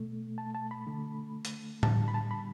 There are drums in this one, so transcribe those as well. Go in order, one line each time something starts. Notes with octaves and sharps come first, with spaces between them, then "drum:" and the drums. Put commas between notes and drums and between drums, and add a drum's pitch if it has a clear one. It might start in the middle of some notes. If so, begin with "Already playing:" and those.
Already playing: B2 A3
A5
A5
B5
D3 A3
drum: hi-hat
D3 G3 A5, drum: tom A2
B5
A5
B5